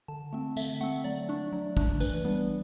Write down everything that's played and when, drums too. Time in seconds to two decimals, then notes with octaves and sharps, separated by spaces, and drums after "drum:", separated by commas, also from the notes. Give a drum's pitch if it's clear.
0.08 D3 A5
0.33 A3 C4
0.57 D3 E5, drum: tambourine
0.81 A3 C4 F#5
1.04 F#3 D5
1.29 A3 D4
1.52 F#3
1.77 A3 D4, drum: kick
2.00 E3 B4, drum: tambourine
2.24 G3 B3 D4